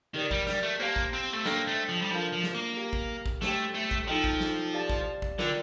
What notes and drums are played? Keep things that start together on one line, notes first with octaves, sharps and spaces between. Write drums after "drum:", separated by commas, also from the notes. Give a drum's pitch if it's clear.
D#3 G4 A#4 D5
G3, drum: kick
G3, drum: snare
A3
A#3 G4 C5 F5 A5
drum: kick
C4
A3
A#3 D4 A4 C5 D#5 G5, drum: snare
A3
F3
G3
F3 D4 F4 A#4 F5
F3
drum: snare
A#3
G4 A#4 F5
drum: kick
drum: kick
A3 G4 C5 G5, drum: snare
A3
drum: kick
F3 D#4 A4 D#5 G5
drum: kick
drum: snare
G4 D5 F5 A5
drum: kick
drum: kick
D3 F4 A#4 D5 G5, drum: snare